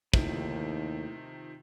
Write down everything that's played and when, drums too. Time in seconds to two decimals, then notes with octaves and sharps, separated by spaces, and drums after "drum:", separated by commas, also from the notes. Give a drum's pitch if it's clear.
0.14 D#2 A2 C3 D#3 F3, drum: kick